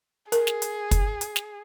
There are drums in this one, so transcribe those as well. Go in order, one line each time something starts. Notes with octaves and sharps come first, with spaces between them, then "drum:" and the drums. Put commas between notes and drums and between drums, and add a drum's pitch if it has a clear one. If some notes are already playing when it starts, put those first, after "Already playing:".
G#4 A#4, drum: hi-hat
drum: snare
drum: hi-hat
drum: kick, hi-hat
drum: hi-hat
drum: snare